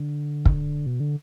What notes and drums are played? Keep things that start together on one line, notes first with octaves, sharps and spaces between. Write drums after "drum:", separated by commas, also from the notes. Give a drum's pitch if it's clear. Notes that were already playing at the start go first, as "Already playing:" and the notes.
Already playing: D3
drum: kick
B2
D3